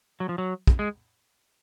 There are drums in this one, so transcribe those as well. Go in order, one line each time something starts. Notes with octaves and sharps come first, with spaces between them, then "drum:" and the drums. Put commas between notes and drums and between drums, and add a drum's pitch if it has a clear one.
F#3
F3
F#3
drum: kick
G#3